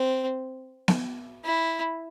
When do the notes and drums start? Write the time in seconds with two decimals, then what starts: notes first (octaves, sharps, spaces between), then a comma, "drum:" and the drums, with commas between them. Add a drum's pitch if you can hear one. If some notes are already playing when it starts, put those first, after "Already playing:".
Already playing: C4
0.88 drum: snare B3
1.44 E4